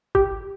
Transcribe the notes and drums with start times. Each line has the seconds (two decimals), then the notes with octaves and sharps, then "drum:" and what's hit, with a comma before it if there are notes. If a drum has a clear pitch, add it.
0.15 G4, drum: kick